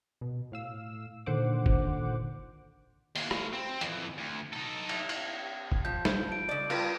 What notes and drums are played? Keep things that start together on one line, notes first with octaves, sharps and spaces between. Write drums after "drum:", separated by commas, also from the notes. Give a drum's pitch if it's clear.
B2
A2 F5 E6
A#2 D3 D#3 C5 F#5 D6
drum: kick
D#2 E3, drum: open hi-hat
A3 F5, drum: rim click
C4
F2 E3, drum: hi-hat
D2
D#4 A4
drum: cymbal
drum: cymbal
drum: kick
F3 G6
drum: snare
D7
C#3 D5
G3 F4 B4, drum: cymbal